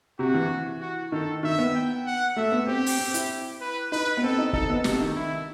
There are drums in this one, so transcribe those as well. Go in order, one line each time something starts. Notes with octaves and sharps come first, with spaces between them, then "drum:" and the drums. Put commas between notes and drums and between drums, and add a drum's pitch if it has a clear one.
C3 F#4
E3
F#4
D#3 A4
D#3 E5
B3
G5
F#5
A3 E5
B3
C4 G4
drum: open hi-hat
C4
E4, drum: hi-hat
B4
D#4 B4
B3
C4 A4
D#4
D#4 A4, drum: kick
B3
C3 A4, drum: snare
D#3
E4